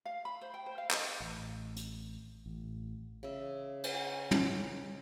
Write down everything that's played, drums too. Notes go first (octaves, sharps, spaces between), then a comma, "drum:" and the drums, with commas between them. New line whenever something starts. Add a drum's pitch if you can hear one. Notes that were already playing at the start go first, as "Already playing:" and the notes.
F5
B5
C5
G5
C5
F5
D#5, drum: clap
A1
drum: hi-hat
A1
C#3 E5
drum: cymbal
drum: tom